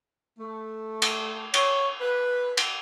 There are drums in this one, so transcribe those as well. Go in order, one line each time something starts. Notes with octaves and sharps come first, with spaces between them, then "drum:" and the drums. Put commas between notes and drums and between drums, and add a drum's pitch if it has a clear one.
A3
drum: cymbal
C#5, drum: cymbal
B4
drum: cymbal